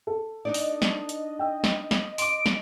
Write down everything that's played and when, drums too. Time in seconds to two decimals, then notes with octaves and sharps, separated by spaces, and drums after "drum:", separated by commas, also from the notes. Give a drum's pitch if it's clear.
0.07 A4
0.45 D4 D#4 D5 D#5
0.54 drum: open hi-hat
0.82 drum: snare
1.09 drum: hi-hat
1.39 G5 E6
1.64 drum: snare
1.91 drum: snare
2.18 C6 D6 D7, drum: open hi-hat
2.46 drum: snare